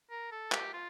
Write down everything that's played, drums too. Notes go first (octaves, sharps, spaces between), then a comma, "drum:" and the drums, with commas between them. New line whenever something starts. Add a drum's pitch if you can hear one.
A#4
A4
G4, drum: clap
F4